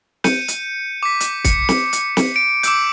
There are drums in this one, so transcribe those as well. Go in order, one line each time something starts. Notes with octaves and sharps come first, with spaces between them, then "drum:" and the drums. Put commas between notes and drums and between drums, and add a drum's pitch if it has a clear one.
G6 C#7 D#7, drum: snare
drum: hi-hat
D6 B6
drum: hi-hat
C#7, drum: kick, hi-hat
drum: snare
drum: hi-hat
drum: snare
D7
D6 E6 G6, drum: hi-hat